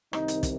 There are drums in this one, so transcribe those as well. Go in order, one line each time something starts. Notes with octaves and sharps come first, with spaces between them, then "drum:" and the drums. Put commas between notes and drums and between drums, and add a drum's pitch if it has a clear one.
C2 C3 D#3 D#4, drum: rim click
drum: hi-hat
drum: kick, hi-hat